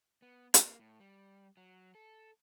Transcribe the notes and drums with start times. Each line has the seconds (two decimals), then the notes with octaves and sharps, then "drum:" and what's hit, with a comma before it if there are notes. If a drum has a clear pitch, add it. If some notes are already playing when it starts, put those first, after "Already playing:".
0.22 B3
0.54 A#3, drum: hi-hat
0.80 A2
1.00 G3
1.57 F#3
1.95 A4